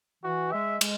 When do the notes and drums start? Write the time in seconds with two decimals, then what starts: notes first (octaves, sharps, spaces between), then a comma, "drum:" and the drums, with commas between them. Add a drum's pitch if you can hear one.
0.24 E3 F#4
0.52 G#3 E5
0.81 G#3, drum: cymbal